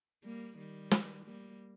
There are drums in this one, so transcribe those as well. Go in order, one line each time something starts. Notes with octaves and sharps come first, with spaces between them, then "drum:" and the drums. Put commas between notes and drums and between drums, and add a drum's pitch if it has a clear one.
G3 A#3
D#3 G3
drum: snare
G3 A#3